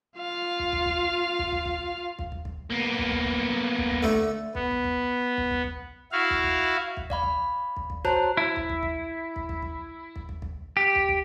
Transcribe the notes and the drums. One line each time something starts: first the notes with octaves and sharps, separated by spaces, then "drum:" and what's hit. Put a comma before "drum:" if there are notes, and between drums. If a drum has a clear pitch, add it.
F4 F5
drum: kick
drum: kick
drum: kick
drum: kick
drum: kick
drum: kick
drum: kick
drum: kick
drum: kick
A#3 B3
drum: kick
drum: kick
drum: kick
drum: kick
drum: kick
D3 A3, drum: kick
B3, drum: kick
drum: kick
drum: kick
drum: kick
drum: kick
drum: kick
E4 F#4 F5
drum: kick
drum: kick
drum: kick
D5 F5 B5, drum: kick
drum: kick
drum: kick
drum: kick
F#4 C5 C#5 A5 A#5 F#6, drum: kick
E4
drum: kick
drum: kick
drum: kick
drum: kick
drum: kick
drum: kick
drum: kick
drum: kick
drum: kick
G4
drum: kick
drum: kick